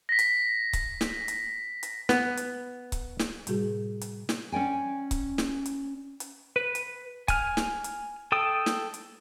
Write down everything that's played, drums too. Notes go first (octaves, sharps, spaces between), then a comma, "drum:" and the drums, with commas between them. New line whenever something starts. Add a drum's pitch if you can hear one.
A#6 B6
drum: hi-hat
drum: kick C#1, hi-hat
drum: snare
drum: hi-hat
drum: hi-hat
B3, drum: snare
drum: hi-hat
drum: kick C#1, hi-hat
drum: snare
A2 C3 G3 F#4 G#4, drum: hi-hat
drum: hi-hat
drum: snare
C#4 D5 G5 G#5
drum: kick C#1, hi-hat
drum: snare
drum: hi-hat
drum: hi-hat
B4
drum: hi-hat
G#5 F6, drum: kick C#1, hi-hat
drum: snare
drum: hi-hat
A4 G5 D#6
drum: snare
drum: hi-hat